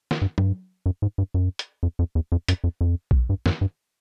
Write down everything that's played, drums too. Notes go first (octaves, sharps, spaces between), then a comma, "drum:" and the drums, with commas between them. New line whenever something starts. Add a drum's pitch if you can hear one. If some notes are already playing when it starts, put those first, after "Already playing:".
drum: snare
G2
G2, drum: tom F#3
F#2
G#2
G2
F#2
drum: hi-hat
F2
F2
E2
F2
F#2, drum: hi-hat
F2
F2
drum: kick A#1
G2
F#2, drum: snare
G2